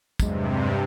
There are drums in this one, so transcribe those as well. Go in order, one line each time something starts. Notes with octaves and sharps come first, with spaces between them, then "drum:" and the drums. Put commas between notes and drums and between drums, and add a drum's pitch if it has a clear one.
E2 G2 C3 F#3 G#3, drum: kick, tambourine